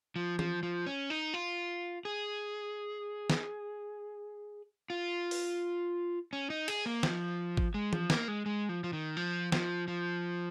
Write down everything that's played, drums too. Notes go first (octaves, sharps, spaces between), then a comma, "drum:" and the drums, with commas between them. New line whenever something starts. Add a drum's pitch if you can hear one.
F3
F3, drum: tom E3
F3
C#4
D#4
F4
G#4
drum: snare
F4
drum: open hi-hat
C#4
D#4
G#4, drum: cymbal
A#3
F3, drum: snare
drum: kick
G#3
F3, drum: tom E3
A#3, drum: snare
G#3
G#3
F3
F3
D#3
F3
F3, drum: snare
F3